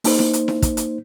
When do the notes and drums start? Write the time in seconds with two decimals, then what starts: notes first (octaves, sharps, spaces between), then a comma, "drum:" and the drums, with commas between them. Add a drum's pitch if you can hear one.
0.04 A#3 D#4 C5, drum: open hi-hat
0.19 drum: snare E4
0.33 drum: hi-hat
0.48 drum: snare E4
0.62 drum: kick, hi-hat
0.77 drum: hi-hat